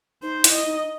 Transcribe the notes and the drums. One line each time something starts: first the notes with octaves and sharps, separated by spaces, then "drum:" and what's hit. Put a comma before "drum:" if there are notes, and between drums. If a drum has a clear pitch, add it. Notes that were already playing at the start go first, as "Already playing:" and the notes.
D#4 C5
E4, drum: hi-hat
D#5
D#4